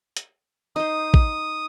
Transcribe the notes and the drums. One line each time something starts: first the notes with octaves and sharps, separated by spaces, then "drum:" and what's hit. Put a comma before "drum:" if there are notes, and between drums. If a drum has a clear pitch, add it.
drum: hi-hat
D#4 C5 D#6
drum: kick